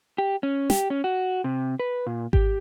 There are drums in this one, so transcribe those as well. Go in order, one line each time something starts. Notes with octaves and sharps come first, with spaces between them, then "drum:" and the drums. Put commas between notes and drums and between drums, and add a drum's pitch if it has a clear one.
G4
C#4
G4, drum: snare
C#4
F#4
C3
B4
A#2
G4, drum: kick G#1